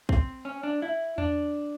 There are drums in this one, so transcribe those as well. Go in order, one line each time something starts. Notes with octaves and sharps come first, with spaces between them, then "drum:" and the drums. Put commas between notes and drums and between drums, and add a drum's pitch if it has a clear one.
C4, drum: kick
C#4
D4
E4
D4, drum: tom E2